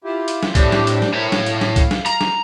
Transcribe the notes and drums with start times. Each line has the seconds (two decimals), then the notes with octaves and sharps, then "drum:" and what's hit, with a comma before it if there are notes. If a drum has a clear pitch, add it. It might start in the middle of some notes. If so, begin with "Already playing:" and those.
0.04 E4 F4 G4
0.28 drum: hi-hat
0.43 drum: snare
0.55 A2 C4 D4 G4, drum: kick, hi-hat
0.72 drum: snare
0.87 drum: hi-hat
1.02 drum: snare
1.13 A2 A#4 C5 C#5 E5
1.32 F5, drum: snare
1.46 drum: hi-hat
1.61 drum: snare
1.76 drum: kick, hi-hat
1.91 drum: snare
2.06 A#5, drum: hi-hat
2.21 drum: snare